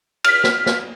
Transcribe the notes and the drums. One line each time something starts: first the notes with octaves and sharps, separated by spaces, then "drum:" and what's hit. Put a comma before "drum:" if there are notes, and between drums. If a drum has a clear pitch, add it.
F6 B6, drum: cymbal
drum: snare
drum: snare